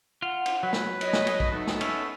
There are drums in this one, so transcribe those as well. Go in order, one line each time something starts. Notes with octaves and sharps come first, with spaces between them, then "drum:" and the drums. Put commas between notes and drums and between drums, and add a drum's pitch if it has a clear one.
F4 F#5
drum: cymbal
F#3 B4
drum: snare
C#5 D#5, drum: cymbal
drum: snare
drum: cymbal
drum: kick
A3 B3 D#4 A4
drum: snare
C#4 E5, drum: cymbal